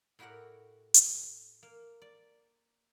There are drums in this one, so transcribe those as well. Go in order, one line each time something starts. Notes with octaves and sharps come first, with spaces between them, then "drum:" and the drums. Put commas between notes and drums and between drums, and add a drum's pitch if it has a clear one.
A2 E4 F#4 G4 A#4 F#5
drum: hi-hat
A#3
D5